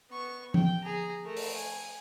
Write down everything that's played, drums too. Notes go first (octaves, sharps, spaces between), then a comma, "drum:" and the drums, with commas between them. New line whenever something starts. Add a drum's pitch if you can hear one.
B3 C#6
G5, drum: tom F3
G#4 A#5
A3 A#4
drum: open hi-hat
G#5